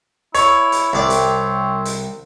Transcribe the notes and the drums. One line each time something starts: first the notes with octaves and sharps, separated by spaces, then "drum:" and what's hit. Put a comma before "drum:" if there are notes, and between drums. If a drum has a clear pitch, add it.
E4 C#5, drum: hi-hat
drum: hi-hat
C2 C4 D5
drum: hi-hat
drum: hi-hat